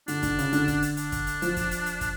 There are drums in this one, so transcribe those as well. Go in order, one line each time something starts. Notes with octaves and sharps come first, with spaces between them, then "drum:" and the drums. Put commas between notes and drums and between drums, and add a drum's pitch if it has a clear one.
D3 D4, drum: hi-hat
D3, drum: kick, hi-hat
C#3, drum: hi-hat
D3, drum: hi-hat
drum: kick, hi-hat
drum: hi-hat
D4, drum: hi-hat
drum: kick, hi-hat
drum: hi-hat
F3, drum: hi-hat
drum: kick, hi-hat
drum: hi-hat
drum: hi-hat
drum: kick, hi-hat